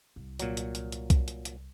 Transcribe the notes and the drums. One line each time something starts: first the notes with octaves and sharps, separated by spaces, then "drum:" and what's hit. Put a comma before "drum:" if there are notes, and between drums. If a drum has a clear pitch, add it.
C2
A#2 F#3, drum: hi-hat
drum: hi-hat
drum: hi-hat
drum: hi-hat
drum: kick C2, hi-hat
drum: hi-hat
drum: hi-hat